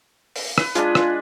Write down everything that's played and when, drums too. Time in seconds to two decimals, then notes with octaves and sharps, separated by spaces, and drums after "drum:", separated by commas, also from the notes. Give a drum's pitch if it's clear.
0.36 drum: open hi-hat
0.58 B4, drum: rim click
0.75 G#3 D4 F4, drum: hi-hat
0.95 drum: rim click